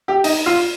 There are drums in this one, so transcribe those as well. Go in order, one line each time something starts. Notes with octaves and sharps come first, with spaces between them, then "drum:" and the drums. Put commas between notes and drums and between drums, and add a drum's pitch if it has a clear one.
G4
D#4, drum: open hi-hat
F4